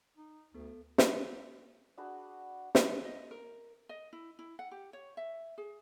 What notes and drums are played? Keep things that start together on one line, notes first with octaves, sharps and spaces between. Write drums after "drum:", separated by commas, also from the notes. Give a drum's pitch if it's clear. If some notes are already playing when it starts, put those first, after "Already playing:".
D#4
D2 B3 A4
drum: snare
D4 F#4 G#4 B4
drum: snare
D#5
A#4
D#5
E4
E4
F#5
G4
C#5
E5
G#4